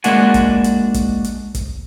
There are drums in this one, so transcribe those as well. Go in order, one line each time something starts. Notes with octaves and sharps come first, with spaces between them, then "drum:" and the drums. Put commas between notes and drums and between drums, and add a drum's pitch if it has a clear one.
G#3 A#3 D4 F#4 F#5 G#5, drum: hi-hat
drum: kick, hi-hat
drum: hi-hat
drum: kick, hi-hat
drum: hi-hat
drum: kick, hi-hat